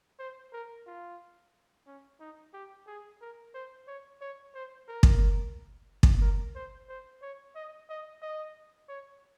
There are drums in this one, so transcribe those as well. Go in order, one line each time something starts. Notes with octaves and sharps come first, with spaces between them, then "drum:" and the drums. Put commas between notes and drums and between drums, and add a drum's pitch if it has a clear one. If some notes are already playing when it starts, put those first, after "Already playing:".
C5
A#4
F4
C#4
D#4
G4
G#4
A#4
C5
C#5
C#5
C5
A#4
drum: kick
drum: kick
A#4
C5
C5
C#5
D#5
D#5
D#5
C#5